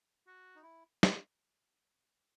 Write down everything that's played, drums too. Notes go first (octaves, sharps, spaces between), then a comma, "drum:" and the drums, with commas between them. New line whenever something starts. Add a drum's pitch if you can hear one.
F#4
D#4
E4
drum: snare